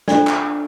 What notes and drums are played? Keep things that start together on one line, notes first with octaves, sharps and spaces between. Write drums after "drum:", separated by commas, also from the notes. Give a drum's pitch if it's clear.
D4 F4 A4 C5 D5, drum: snare
drum: clap